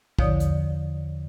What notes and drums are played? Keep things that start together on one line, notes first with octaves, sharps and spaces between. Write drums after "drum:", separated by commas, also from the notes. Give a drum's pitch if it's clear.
E2 D3 F3 C#5 D5 D#6, drum: kick A#1
drum: hi-hat